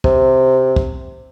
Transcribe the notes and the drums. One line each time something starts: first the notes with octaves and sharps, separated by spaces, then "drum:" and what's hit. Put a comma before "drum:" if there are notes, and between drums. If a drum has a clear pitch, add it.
C3, drum: kick
drum: kick